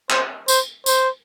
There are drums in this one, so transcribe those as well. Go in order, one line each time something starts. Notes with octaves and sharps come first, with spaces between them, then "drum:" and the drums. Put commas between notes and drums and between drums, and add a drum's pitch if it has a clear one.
C5, drum: clap
C5, drum: tambourine
C5, drum: tambourine